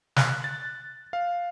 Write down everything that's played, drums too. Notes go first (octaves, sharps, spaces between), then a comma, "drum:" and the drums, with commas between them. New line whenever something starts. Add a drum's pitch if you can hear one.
F#6, drum: snare
A6
F5